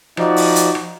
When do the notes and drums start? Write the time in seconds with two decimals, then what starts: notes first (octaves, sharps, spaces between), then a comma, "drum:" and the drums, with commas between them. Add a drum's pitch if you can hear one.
0.17 F3 D#4 F#4 D5, drum: rim click
0.36 drum: open hi-hat
0.56 drum: hi-hat
0.75 drum: rim click